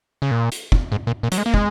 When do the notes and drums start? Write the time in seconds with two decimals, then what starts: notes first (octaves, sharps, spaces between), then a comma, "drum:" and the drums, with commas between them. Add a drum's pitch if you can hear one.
0.22 C#3
0.31 A#2
0.52 drum: hi-hat
0.72 drum: kick
0.92 G#2
1.07 A#2
1.23 A#2
1.32 F#3, drum: hi-hat
1.38 G#3
1.46 A#3
1.54 G#3, drum: kick